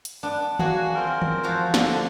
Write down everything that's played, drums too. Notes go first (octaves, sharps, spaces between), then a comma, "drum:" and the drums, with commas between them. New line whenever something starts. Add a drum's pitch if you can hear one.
drum: hi-hat
B3 D4
A#3 F#4 G#4, drum: tom
C4 F4 A#4
drum: tom
F3 F#4 C5
D3, drum: snare